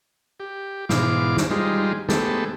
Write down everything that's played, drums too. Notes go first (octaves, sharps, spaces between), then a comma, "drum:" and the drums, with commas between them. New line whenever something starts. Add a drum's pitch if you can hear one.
G4
G#2 B2 E3 F5 D6, drum: snare
drum: snare
G3 G#3 D#4 F4
G#3 A3 B3 G4 A4, drum: snare